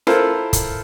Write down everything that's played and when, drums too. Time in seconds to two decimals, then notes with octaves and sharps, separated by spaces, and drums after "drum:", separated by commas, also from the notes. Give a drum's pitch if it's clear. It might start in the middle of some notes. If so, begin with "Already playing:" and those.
0.07 E4 F4 A4 A#4 C5, drum: rim click
0.53 drum: kick, hi-hat